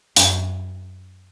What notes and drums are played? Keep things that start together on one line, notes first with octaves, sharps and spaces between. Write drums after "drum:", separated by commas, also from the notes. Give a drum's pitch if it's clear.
F#2, drum: hi-hat